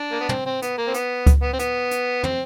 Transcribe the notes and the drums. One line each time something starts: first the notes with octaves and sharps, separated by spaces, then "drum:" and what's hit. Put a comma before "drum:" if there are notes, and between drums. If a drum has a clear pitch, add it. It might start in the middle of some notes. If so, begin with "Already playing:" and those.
Already playing: D4
A#3
B3
C4, drum: tom
C4
B3, drum: hi-hat
A#3
C4
B3, drum: hi-hat
drum: kick C#2, hi-hat
B3
C4
B3, drum: hi-hat
drum: hi-hat
C4, drum: tom